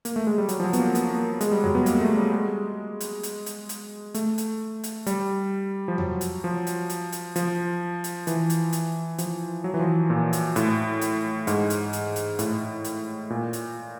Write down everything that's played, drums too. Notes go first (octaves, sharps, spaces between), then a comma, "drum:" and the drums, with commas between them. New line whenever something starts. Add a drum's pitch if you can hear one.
A#3, drum: hi-hat
A3
G#3
G3
F#3, drum: hi-hat
F3
F#3
B3, drum: hi-hat
A#3
B3, drum: hi-hat
A#3
G#3, drum: hi-hat
G3
F#3, drum: tom E2
B3
A#3, drum: hi-hat
A3
G3
G#3
drum: hi-hat
drum: hi-hat
drum: hi-hat
drum: hi-hat
A3, drum: hi-hat
drum: hi-hat
drum: hi-hat
G3, drum: hi-hat
F3
F#3, drum: tom E2
drum: hi-hat
F3
drum: hi-hat
drum: hi-hat
drum: hi-hat
F3, drum: hi-hat
drum: hi-hat
E3, drum: hi-hat
drum: hi-hat
drum: hi-hat
F3, drum: hi-hat
F#3
E3
F3
A#2
drum: hi-hat
A2, drum: hi-hat
drum: hi-hat
G#2, drum: hi-hat
drum: hi-hat
drum: hi-hat
drum: hi-hat
A2, drum: hi-hat
drum: hi-hat
A#2
drum: hi-hat